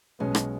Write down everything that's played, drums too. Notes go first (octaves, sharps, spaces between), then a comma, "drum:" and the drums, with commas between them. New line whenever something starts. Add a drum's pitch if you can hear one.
B1 B2 G#3 B3 C#4
drum: rim click